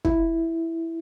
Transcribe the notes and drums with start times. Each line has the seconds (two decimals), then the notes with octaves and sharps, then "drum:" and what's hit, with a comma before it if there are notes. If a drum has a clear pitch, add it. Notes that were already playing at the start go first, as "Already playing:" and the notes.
0.05 E4, drum: kick